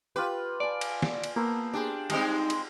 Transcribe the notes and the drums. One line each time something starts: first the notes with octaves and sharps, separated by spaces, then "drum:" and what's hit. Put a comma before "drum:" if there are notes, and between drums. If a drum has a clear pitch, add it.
F4 G4 B4
D5 G#5 A5
drum: cymbal
drum: snare
drum: cymbal
A#3 B3 A4 C5
D4 G4 G#4 C5
G3 G#3 C4 D#4 A4 C5, drum: cymbal
drum: cymbal